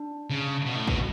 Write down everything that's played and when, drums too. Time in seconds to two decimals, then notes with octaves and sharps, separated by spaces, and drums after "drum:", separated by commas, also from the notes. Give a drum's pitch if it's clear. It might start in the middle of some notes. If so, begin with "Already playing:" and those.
Already playing: D4
0.30 C#3
0.66 B2
0.76 A2
0.87 B2, drum: kick G#1